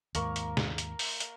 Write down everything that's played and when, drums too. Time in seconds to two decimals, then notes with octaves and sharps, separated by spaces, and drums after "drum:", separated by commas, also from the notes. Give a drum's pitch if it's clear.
0.15 D#2 G#2 A#3 A#4 C#6, drum: hi-hat
0.36 drum: hi-hat
0.57 drum: snare
0.78 drum: hi-hat
0.99 drum: open hi-hat
1.20 drum: hi-hat